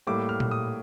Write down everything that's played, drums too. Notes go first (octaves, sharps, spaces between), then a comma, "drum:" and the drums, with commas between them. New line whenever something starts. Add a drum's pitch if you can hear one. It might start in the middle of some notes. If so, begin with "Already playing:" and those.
A2 G3 A#3 D6
F6
drum: tom A#2
D#6